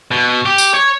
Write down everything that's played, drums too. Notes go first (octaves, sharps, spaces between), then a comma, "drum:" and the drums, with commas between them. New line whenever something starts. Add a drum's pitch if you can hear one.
B2
G4
drum: tambourine
C#5